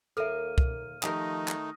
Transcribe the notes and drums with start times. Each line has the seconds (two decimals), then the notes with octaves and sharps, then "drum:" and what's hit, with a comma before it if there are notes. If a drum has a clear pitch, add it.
0.17 D#2 A#3 A4 A#4 E5 F6 D#7
0.58 drum: kick C2
1.03 D#3 F3 A3 D#4 G4 A#4 D#6 A#6, drum: clap
1.48 drum: clap